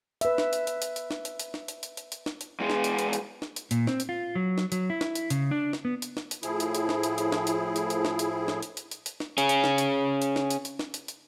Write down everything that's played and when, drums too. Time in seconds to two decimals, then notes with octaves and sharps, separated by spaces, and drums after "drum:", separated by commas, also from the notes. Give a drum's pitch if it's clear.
0.21 B4 E5, drum: hi-hat
0.38 drum: snare
0.53 drum: hi-hat
0.67 drum: hi-hat
0.82 drum: hi-hat
0.96 drum: hi-hat
1.11 drum: snare
1.25 drum: hi-hat
1.39 drum: hi-hat
1.54 drum: snare
1.68 drum: hi-hat
1.83 drum: hi-hat
1.97 drum: hi-hat
2.12 drum: hi-hat
2.26 drum: snare
2.41 drum: hi-hat
2.60 E2 G#3
2.70 drum: snare
2.84 drum: hi-hat
2.99 drum: hi-hat
3.13 drum: hi-hat
3.42 drum: snare
3.56 drum: hi-hat
3.71 A#2, drum: hi-hat
3.87 C4, drum: snare
4.00 drum: hi-hat
4.09 F4
4.35 F#3
4.58 drum: snare
4.72 F#3, drum: hi-hat
4.90 E4
5.01 drum: snare
5.15 drum: hi-hat
5.30 C#3, drum: hi-hat
5.51 D4
5.73 drum: snare
5.85 B3
6.02 drum: hi-hat
6.17 drum: snare
6.31 drum: hi-hat
6.43 A2 F3 E4 G#4, drum: hi-hat
6.60 drum: hi-hat
6.75 drum: hi-hat
6.89 drum: snare
7.03 drum: hi-hat
7.18 drum: hi-hat
7.32 drum: snare
7.47 drum: hi-hat
7.76 drum: hi-hat
7.90 drum: hi-hat
8.05 drum: snare
8.19 drum: hi-hat
8.48 drum: snare
8.63 drum: hi-hat
8.77 drum: hi-hat
8.91 drum: hi-hat
9.06 drum: hi-hat
9.20 drum: snare
9.38 C#4 G#4, drum: hi-hat
9.49 drum: hi-hat
9.64 drum: snare
9.78 drum: hi-hat
10.22 drum: hi-hat
10.36 drum: snare
10.51 drum: hi-hat
10.65 drum: hi-hat
10.79 drum: snare
10.94 drum: hi-hat
11.08 drum: hi-hat